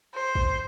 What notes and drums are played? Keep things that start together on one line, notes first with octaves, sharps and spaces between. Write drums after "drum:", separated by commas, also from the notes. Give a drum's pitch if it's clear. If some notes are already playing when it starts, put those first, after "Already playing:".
C5
drum: kick